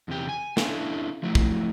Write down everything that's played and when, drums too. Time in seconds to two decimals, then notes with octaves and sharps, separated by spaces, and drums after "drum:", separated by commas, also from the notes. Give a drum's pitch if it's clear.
0.08 E2 C3 G4
0.29 G#5
0.57 C#4 D4 E4 A4 F5, drum: snare
1.23 F3 F#3 A3 E4
1.35 drum: kick